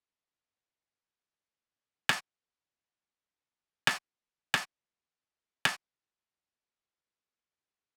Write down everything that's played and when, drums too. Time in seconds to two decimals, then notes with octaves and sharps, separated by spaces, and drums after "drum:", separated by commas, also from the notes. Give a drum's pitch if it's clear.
0.04 C3 E4
0.43 F#5 A5 A#5
0.60 C#3 C#4 E5 F5 F6
0.76 A#4 C5
0.91 C#5 A5
1.67 C#3 E3 B3
2.09 drum: rim click
3.37 D3
3.87 drum: rim click
4.54 drum: rim click
4.85 A#3
5.65 drum: rim click
5.95 F#4
6.70 G3 E4 B4
7.51 G3 C4 C5